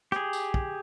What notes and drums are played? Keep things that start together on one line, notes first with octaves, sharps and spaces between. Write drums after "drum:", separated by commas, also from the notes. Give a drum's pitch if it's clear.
G4 G#4, drum: rim click
drum: tambourine
drum: kick